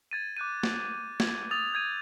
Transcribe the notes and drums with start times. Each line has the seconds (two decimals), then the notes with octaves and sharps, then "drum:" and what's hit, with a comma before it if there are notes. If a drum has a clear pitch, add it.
0.11 G#6 A6 D#7
0.37 D6 F#6 G6 D#7
0.63 drum: snare
1.20 G#6, drum: snare
1.51 D#6 E6 A6 F7
1.73 G6 G#6 D#7